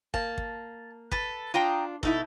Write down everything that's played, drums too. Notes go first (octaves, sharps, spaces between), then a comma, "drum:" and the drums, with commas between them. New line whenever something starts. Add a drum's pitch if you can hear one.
A#3 A5, drum: kick
drum: kick
A4 B4, drum: kick
D4 F4 G5 A#5 D#6
B2 D#4 E4 A4, drum: kick